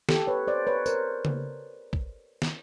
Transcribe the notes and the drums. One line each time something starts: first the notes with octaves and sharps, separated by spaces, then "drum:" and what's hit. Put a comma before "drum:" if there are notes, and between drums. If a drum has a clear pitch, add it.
G4 A4, drum: snare
B4 C#5
C5 D5
B4 C#5
A#4 C5, drum: tambourine
drum: tom C#3
drum: kick
drum: snare